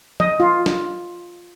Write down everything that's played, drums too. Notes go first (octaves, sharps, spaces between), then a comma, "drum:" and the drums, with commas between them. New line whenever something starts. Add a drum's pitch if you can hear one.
D#5, drum: tom F3
F4
drum: snare